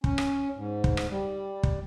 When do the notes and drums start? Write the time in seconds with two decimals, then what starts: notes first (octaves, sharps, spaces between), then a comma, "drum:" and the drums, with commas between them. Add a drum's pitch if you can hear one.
0.04 C#4, drum: kick
0.18 drum: rim click
0.56 G#2
0.84 drum: kick
0.97 drum: rim click
1.10 G3
1.63 drum: kick